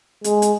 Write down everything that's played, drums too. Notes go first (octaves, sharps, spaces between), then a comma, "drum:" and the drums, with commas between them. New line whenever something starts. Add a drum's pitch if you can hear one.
G#3, drum: hi-hat
drum: hi-hat